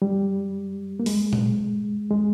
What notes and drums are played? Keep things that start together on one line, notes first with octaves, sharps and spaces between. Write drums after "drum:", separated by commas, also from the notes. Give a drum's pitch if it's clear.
G3
A#3
G#3, drum: open hi-hat
drum: tom A#2
G#3